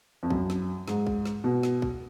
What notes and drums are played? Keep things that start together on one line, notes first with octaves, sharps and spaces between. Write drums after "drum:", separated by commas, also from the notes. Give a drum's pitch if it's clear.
F2
F#2, drum: kick
drum: snare
G#2, drum: snare
drum: kick
drum: snare
B2
drum: snare
drum: kick